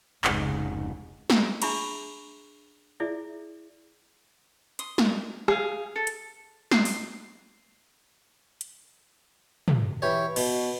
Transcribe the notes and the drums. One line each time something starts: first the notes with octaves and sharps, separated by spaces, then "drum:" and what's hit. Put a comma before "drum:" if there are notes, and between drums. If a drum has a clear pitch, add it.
F1 C#2 G#2 C#3, drum: clap
drum: snare
D4 G#4 E5 A#5 B5 C#6, drum: cymbal
E4 G#4 D5 E5
C6 D#6, drum: hi-hat
A#4, drum: snare
G#4 F5, drum: rim click
A4
drum: hi-hat
C7, drum: snare
drum: open hi-hat
drum: hi-hat
drum: tom
E3 G4 C#5
B2, drum: cymbal